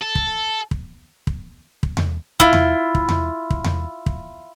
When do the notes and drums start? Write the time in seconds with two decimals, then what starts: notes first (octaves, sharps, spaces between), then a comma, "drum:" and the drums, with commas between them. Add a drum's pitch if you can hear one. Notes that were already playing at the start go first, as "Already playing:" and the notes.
0.01 A4
0.15 drum: kick
0.71 drum: kick
1.27 drum: kick
1.83 drum: kick
1.97 drum: tom E2
2.40 E4 F4, drum: kick
2.53 drum: tom E2
2.95 drum: kick
3.09 drum: tom E2
3.50 drum: kick
3.64 drum: tom E2
4.06 drum: kick